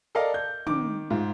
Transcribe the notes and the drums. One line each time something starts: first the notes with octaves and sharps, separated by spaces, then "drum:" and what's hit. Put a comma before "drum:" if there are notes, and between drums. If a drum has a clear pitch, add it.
A4 A#4 D5 D#5 F5
G6
D#3 D6, drum: tom
G#2 F4